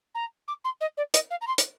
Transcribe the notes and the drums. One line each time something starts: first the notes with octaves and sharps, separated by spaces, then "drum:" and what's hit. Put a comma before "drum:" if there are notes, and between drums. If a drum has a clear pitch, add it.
A#5
D6
C6
D#5
D5
D#5, drum: hi-hat
F5
A#5
C6
drum: hi-hat